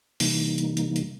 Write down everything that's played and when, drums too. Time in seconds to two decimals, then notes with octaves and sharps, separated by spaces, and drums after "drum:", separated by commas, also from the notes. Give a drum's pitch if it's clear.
0.20 C3 E3 G3 A#3 D#4, drum: open hi-hat
0.58 drum: hi-hat
0.77 drum: hi-hat
0.96 drum: hi-hat